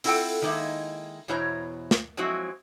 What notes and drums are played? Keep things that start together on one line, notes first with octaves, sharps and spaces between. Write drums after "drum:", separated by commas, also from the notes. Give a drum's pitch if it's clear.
C4 E4 F4 A4 F#5 G5, drum: open hi-hat
D#3 G#3 A#3 C4 D#4 E4
E2 B2 E4 C5 C#5 A#5
drum: snare
F3 F#3 G#3 C4 E4 F#4